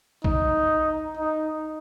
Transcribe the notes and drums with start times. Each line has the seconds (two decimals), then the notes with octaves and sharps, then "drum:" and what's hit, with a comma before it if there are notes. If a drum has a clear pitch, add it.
0.24 D#4, drum: kick A#1
1.17 D#4